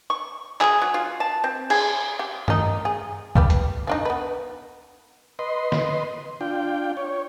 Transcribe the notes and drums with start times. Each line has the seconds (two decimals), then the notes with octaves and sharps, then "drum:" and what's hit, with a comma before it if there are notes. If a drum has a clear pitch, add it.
0.10 C#6
0.61 G#4, drum: clap
0.82 F#3
0.94 F4
1.20 A5
1.44 C4
1.70 G#4, drum: cymbal
2.19 G4
2.48 D#3 D#4, drum: tom G2
2.85 G#4
3.35 G3 G4 B4, drum: kick C2
3.50 drum: hi-hat
3.87 F3 D4 D#4
4.05 B3 B4
5.39 B4 D#5 C6
5.72 drum: snare
6.41 D4 F4 G5
6.97 C#5